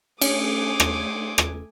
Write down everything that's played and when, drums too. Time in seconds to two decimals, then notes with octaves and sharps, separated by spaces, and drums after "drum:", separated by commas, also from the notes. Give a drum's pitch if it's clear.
0.21 A3 C#4 G#5 D6 D#6, drum: cymbal
0.80 drum: rim click
1.38 drum: rim click